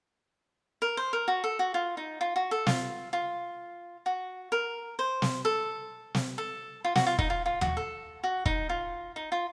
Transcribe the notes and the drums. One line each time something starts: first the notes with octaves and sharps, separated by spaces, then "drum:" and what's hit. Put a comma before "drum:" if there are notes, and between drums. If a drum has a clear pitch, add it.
A#4
C5
A#4
F#4
A4
F#4
F4
D#4
F4
F#4
A4
F4, drum: snare
F4
F#4
A#4
C5
drum: snare
A4
drum: snare
A4
F4
F#4, drum: snare
F4
D#4, drum: kick
F4
F4
F#4, drum: tom D#2
A4
F#4
D#4, drum: kick
F4
D#4
F4